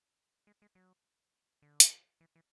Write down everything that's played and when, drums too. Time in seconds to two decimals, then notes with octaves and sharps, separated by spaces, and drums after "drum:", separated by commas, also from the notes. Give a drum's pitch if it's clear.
0.47 G#3
0.62 G#3
0.75 F#3
1.62 D3
1.80 drum: hi-hat
2.21 E3
2.36 E3